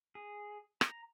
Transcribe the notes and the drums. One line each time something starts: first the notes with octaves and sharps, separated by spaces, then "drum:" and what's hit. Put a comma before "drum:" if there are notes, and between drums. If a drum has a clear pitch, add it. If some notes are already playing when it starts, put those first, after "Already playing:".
G#4
A#5, drum: rim click